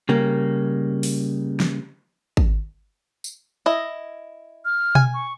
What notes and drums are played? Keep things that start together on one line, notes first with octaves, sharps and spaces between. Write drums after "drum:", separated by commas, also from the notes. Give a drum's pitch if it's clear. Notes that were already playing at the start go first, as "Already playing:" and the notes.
C#3 G3 A#3
drum: open hi-hat
drum: snare
drum: kick
drum: tambourine
E4 D#5
F6
G#5, drum: tom B2
C#6